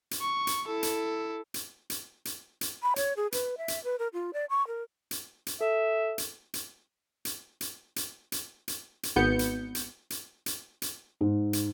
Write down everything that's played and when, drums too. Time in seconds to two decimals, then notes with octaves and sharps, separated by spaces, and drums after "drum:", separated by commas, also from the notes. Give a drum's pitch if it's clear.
0.11 drum: hi-hat
0.21 C#6
0.47 drum: hi-hat
0.66 E4 A4
0.83 drum: hi-hat
1.54 drum: hi-hat
1.90 drum: hi-hat
2.25 drum: hi-hat
2.61 drum: hi-hat
2.83 B5
2.96 C#5, drum: hi-hat
3.17 G#4
3.32 B4, drum: hi-hat
3.58 E5
3.68 drum: hi-hat
3.84 B4
3.99 A#4
4.13 F4
4.33 D5
4.50 C#6
4.67 A#4
5.11 drum: hi-hat
5.47 drum: hi-hat
5.61 A4 E5
6.18 drum: hi-hat
6.54 drum: hi-hat
7.25 drum: hi-hat
7.61 drum: hi-hat
7.96 drum: hi-hat
8.32 drum: hi-hat
8.68 drum: hi-hat
9.03 drum: hi-hat
9.16 G#1 B3 G6 C#7
9.39 drum: hi-hat
9.75 drum: hi-hat
10.10 drum: hi-hat
10.46 drum: hi-hat
10.82 drum: hi-hat
11.21 G#2
11.53 drum: hi-hat